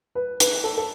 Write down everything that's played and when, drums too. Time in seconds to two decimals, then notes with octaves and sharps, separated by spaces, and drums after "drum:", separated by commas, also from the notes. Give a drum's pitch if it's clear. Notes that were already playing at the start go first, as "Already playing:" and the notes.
0.15 B4
0.40 B4, drum: hi-hat
0.64 A4
0.78 A4